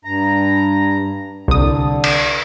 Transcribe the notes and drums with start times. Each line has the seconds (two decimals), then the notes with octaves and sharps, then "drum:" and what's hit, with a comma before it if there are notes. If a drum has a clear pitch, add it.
0.05 G2 A#5
1.48 C2 D3 D#6
2.04 drum: cymbal